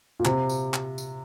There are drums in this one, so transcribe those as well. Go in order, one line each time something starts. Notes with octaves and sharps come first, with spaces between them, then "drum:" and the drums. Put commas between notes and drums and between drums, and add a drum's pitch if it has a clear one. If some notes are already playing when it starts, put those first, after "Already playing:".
A#2
C3, drum: clap
drum: tambourine
drum: clap
drum: tambourine